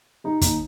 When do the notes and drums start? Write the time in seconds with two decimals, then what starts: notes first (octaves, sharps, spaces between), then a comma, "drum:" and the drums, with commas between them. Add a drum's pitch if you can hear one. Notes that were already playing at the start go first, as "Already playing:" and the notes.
0.24 G3 D#4
0.41 D#2 D#4, drum: kick, hi-hat